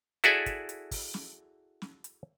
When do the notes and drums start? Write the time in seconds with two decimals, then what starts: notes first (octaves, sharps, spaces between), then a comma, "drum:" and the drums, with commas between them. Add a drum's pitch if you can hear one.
0.24 E4 F#4 G#4 A4 D5 E5, drum: hi-hat
0.46 drum: kick, hi-hat
0.69 drum: hi-hat
0.91 drum: kick, open hi-hat
1.14 drum: snare
1.82 drum: snare
2.04 drum: hi-hat